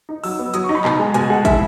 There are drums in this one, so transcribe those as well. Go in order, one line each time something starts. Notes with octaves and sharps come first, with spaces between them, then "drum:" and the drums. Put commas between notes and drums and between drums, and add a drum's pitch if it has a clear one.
D#4
F#3 E6, drum: open hi-hat
B3
F#3 D#6, drum: hi-hat
C#6
D#4
B5
B2 A#5, drum: clap
G#3
B2 G#5, drum: hi-hat
G#3 F#5
E4 E5, drum: kick, hi-hat